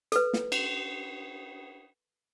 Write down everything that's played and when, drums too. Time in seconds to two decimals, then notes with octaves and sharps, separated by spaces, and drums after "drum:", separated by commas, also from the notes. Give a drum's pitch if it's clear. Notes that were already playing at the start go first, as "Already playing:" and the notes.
0.12 A4 B4, drum: hi-hat
0.33 drum: snare
0.52 drum: cymbal